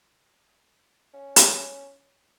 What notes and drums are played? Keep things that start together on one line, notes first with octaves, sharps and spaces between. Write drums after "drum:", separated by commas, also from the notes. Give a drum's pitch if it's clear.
C#4
drum: hi-hat